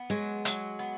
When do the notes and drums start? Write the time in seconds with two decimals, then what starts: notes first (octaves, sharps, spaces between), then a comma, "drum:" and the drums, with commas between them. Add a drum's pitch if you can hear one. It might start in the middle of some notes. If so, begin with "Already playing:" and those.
Already playing: B3
0.10 F#3 G#3
0.45 F#3, drum: hi-hat
0.79 B3